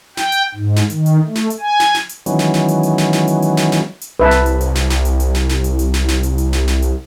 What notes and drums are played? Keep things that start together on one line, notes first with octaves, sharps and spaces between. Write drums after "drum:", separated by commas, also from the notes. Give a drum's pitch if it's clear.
G5, drum: snare
drum: hi-hat
G#2
drum: snare
D#3, drum: hi-hat
drum: hi-hat
A3
drum: snare
drum: hi-hat
G#5
drum: snare
drum: snare
drum: hi-hat
D#3 E3 F#3 G#3 B3 C#4, drum: hi-hat
drum: snare
drum: snare
drum: hi-hat
drum: hi-hat
drum: snare
drum: snare
drum: hi-hat
drum: hi-hat
drum: snare
drum: snare
drum: hi-hat
C2 B4 E5 A5
drum: snare
drum: hi-hat
drum: hi-hat
drum: snare
drum: snare
drum: hi-hat
drum: hi-hat
drum: snare
drum: snare
drum: hi-hat
drum: hi-hat
drum: snare
drum: snare
drum: hi-hat
drum: hi-hat
drum: snare
drum: snare
drum: hi-hat